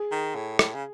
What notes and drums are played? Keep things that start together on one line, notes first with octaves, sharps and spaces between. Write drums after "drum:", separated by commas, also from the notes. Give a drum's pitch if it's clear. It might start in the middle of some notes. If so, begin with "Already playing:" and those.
Already playing: G#4
D#3
A2
A2, drum: rim click
C#3